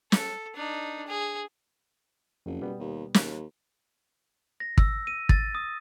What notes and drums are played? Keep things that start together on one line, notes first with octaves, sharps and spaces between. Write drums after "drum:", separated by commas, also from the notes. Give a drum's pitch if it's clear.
A4, drum: snare
D4 D#4
G#4
F#1 F2
B2 G3 B3
D#2
D#2, drum: snare
A#6
E6, drum: kick
D#7
A6, drum: kick
D#6